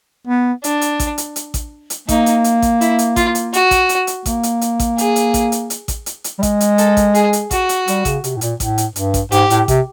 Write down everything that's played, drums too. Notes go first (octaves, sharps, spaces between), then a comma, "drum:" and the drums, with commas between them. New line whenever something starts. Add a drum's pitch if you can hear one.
B3
D4, drum: hi-hat
drum: hi-hat
drum: kick A1, hi-hat
drum: hi-hat
drum: hi-hat
drum: kick A1, hi-hat
drum: hi-hat
A#3 D#4, drum: kick A1, hi-hat
drum: hi-hat
drum: hi-hat
drum: kick A1, hi-hat
E4, drum: hi-hat
drum: hi-hat
F4, drum: kick A1, hi-hat
drum: hi-hat
F#4, drum: hi-hat
drum: kick A1, hi-hat
drum: hi-hat
drum: hi-hat
A#3, drum: kick A1, hi-hat
drum: hi-hat
drum: hi-hat
drum: kick A1, hi-hat
G#4, drum: hi-hat
drum: hi-hat
drum: kick A1, hi-hat
drum: hi-hat
drum: hi-hat
drum: kick A1, hi-hat
drum: hi-hat
drum: hi-hat
G3
G#3, drum: kick A1, hi-hat
drum: hi-hat
A4, drum: hi-hat
drum: kick A1, hi-hat
G#4, drum: hi-hat
drum: hi-hat
F#4, drum: kick A1, hi-hat
drum: hi-hat
G3, drum: hi-hat
C#3, drum: kick A1, hi-hat
C3, drum: hi-hat
A2
A#2, drum: hi-hat
A2, drum: kick A1, hi-hat
drum: hi-hat
G2, drum: hi-hat
drum: kick A1, hi-hat
G#2 G4, drum: hi-hat
A2, drum: hi-hat
C3, drum: kick A1, hi-hat